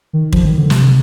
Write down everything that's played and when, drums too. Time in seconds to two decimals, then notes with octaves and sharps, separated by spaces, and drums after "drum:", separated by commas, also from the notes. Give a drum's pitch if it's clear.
0.13 D#3
0.33 F3, drum: kick
0.45 D#3
0.58 D3
0.70 C3, drum: snare